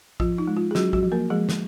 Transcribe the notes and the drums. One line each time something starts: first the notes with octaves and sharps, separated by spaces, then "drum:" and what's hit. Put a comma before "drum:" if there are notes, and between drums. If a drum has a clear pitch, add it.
F3 F4, drum: kick A#1
D#4
G#3
F4
G#4
F#3 C#4 F#4, drum: snare
F#3 F#4, drum: kick A#1
F3
A#3 A#4
F3 G#3 G#4
drum: snare